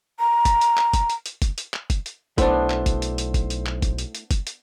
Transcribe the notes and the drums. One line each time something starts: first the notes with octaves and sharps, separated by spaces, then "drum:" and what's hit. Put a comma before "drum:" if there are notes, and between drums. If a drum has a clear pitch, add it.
A#5
drum: kick, hi-hat
drum: hi-hat
drum: clap
drum: kick, hi-hat
drum: hi-hat
drum: hi-hat
drum: kick, hi-hat
drum: hi-hat
drum: clap
drum: kick, hi-hat
drum: hi-hat
B1 A3 B3 D4 E4 C5, drum: kick, hi-hat
drum: clap
drum: kick, hi-hat
drum: hi-hat
drum: hi-hat
drum: kick, hi-hat
drum: hi-hat
drum: clap
drum: kick, hi-hat
drum: hi-hat
drum: hi-hat
drum: kick, hi-hat
drum: hi-hat